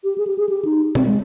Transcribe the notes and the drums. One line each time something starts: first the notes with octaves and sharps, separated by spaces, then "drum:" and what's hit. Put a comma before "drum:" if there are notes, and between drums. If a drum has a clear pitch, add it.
G4
G#4
G4
G#4
G4
D#4
C4, drum: tom B2
G#3